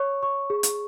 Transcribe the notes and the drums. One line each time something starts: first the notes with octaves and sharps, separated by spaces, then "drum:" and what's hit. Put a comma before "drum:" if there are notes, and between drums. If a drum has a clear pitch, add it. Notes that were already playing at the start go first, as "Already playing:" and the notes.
Already playing: C#5 C#6
C#6
G#4
drum: hi-hat